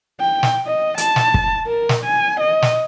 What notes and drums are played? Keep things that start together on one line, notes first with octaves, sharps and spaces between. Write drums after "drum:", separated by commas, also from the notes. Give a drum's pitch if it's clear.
G5
drum: snare
D#5
A5, drum: hi-hat
drum: snare
drum: kick
A#4
drum: snare
G#5
D#5
drum: snare